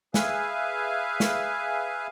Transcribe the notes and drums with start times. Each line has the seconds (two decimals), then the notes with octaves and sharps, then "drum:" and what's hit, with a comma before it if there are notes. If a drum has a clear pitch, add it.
0.14 G#4 B4 E5 F5 G#5, drum: snare
1.20 drum: snare